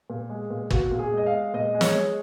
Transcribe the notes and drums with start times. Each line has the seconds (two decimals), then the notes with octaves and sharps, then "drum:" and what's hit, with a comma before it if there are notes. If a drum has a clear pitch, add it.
0.10 A#2
0.30 G#3
0.50 A#2
0.70 A#2 F#4, drum: kick
0.91 A#2
0.99 G#4
1.13 G#3 D#5
1.26 F5
1.33 G#3
1.54 A#2 D#5
1.74 G#3
1.81 C#5, drum: snare
1.95 G#3